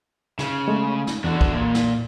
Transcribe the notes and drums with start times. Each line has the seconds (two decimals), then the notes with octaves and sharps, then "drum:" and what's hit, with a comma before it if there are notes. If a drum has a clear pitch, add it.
0.39 C#3, drum: snare
0.68 G#3 A3
1.07 drum: snare
1.24 E2 D4 F#4 A4
1.41 drum: kick
1.53 A#2
1.75 drum: snare